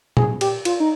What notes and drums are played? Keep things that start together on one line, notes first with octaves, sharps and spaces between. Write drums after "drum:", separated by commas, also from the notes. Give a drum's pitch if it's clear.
G#4, drum: tom A#2
G4, drum: cymbal
F4, drum: cymbal
D#4